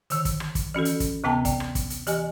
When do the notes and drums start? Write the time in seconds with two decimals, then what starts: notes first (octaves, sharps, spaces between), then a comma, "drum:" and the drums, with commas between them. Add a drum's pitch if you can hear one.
0.10 D3 D#3 E6, drum: hi-hat
0.25 drum: kick, hi-hat
0.40 drum: rim click
0.55 drum: kick, hi-hat
0.74 E3 C#4 F#4 A4
0.85 drum: hi-hat
1.00 drum: kick, hi-hat
1.24 D2 C3 B3 G5 A5 A#5
1.45 D5 G5, drum: kick, hi-hat
1.60 drum: rim click
1.75 drum: kick, hi-hat
1.90 drum: hi-hat
2.07 E3 G4 D#5 G#5, drum: hi-hat